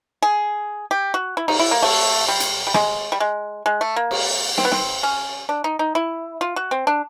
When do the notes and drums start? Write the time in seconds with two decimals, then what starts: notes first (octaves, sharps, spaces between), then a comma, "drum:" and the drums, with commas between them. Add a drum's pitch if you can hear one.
0.22 G#4
0.91 G4
1.14 F#4
1.37 E4
1.48 D#4, drum: cymbal
1.59 E4
1.71 A#3
1.83 A3, drum: cymbal
2.28 G3
2.40 drum: hi-hat
2.67 G3
2.74 G#3, drum: rim click
3.12 G3
3.20 G#3
3.66 G#3
3.81 A3
3.96 A#3
4.11 drum: cymbal
4.58 C4, drum: snare
4.65 B3
4.72 C4, drum: snare
5.03 C#4
5.49 D4
5.64 D#4
5.79 D#4
5.95 E4
6.41 F4
6.56 F#4
6.71 C4
6.87 D4